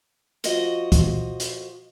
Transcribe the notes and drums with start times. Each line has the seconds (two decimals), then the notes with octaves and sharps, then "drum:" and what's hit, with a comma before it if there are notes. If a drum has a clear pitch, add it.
0.44 F3 F#4 D#5, drum: hi-hat
0.92 drum: kick, hi-hat
1.40 drum: hi-hat